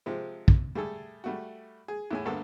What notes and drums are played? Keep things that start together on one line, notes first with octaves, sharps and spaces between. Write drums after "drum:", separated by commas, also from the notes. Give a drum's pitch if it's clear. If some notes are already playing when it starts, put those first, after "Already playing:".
C3 F3 G#3
drum: kick
G3 A3 G#4 A4
G3 A3 F#4
G#4
E2 A2 G#5
D2 G2 A#3 B3 A4